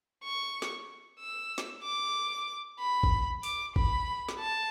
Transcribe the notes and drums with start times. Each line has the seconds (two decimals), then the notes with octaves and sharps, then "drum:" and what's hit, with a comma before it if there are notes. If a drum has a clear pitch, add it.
0.24 C#6
0.62 drum: snare
1.20 E6
1.58 drum: snare
1.84 D6
2.80 B5
3.03 drum: kick G#1
3.43 D6, drum: open hi-hat
3.76 B5, drum: kick G#1
4.29 drum: snare
4.39 A5